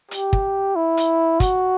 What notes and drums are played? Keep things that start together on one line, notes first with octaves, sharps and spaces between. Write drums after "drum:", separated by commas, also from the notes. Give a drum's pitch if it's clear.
G4, drum: hi-hat
drum: kick
E4
drum: hi-hat
F#4, drum: kick, hi-hat